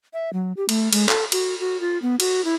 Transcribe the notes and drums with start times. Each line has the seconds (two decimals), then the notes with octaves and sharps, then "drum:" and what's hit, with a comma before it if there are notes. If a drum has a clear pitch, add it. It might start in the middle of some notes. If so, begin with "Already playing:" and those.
0.13 E5
0.33 F#3
0.57 G4
0.69 A3, drum: cymbal
0.93 G#3, drum: cymbal
1.09 A4, drum: clap
1.32 F#4, drum: cymbal
1.60 F#4
1.81 F4
2.02 B3
2.20 F#4, drum: cymbal
2.45 E4